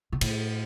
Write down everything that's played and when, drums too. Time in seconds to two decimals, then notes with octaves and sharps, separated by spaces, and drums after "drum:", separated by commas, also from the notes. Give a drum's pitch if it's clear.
0.12 B2
0.21 A2, drum: cymbal